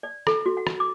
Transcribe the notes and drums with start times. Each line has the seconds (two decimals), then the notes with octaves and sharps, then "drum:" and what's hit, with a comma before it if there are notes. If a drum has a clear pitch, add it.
0.03 D5
0.27 A4, drum: rim click
0.46 F#4
0.57 F#5
0.67 drum: rim click
0.80 D6